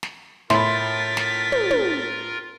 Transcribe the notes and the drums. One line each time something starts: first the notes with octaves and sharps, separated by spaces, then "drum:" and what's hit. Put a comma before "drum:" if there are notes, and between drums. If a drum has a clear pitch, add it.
drum: snare
A2 F4 A#4 E5 B5 C6 A6 B6, drum: snare
drum: snare
drum: tom
drum: tom